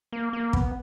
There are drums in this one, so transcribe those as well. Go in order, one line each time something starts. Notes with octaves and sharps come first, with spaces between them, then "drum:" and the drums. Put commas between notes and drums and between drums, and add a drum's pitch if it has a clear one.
A#3
A#3
B3, drum: kick